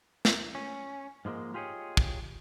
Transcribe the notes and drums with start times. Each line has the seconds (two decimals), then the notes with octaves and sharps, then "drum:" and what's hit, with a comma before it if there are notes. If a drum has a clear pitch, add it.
0.25 drum: snare
0.55 C#4
1.25 G#2 F3 G#3 A#3
1.54 F4 G4 G#4 C5 C#5 D#5
1.97 drum: kick